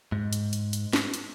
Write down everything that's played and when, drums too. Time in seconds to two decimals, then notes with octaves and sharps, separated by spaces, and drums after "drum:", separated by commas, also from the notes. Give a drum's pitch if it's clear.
0.12 G#2
0.33 drum: hi-hat
0.53 drum: hi-hat
0.73 drum: hi-hat
0.93 drum: snare
1.14 drum: hi-hat